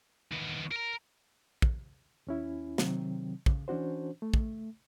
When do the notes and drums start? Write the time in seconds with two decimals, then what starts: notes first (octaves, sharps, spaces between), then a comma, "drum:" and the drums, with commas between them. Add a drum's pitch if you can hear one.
0.32 D#2 B3
0.72 A#4 A#5
1.62 drum: kick
2.27 D#2 C#4 E4
2.78 C3 D#3 F#3 C4, drum: snare
3.46 C#3, drum: kick
3.68 E3 C#4 D4 F#4 C5
4.22 A3
4.34 drum: kick